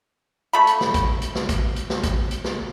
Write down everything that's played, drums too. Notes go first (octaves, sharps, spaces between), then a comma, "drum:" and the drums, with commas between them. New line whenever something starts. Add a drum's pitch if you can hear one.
A3 B5
drum: hi-hat
drum: snare
drum: kick, hi-hat
drum: hi-hat
drum: snare
drum: kick, hi-hat
drum: hi-hat
drum: snare
drum: kick, hi-hat
drum: hi-hat
drum: snare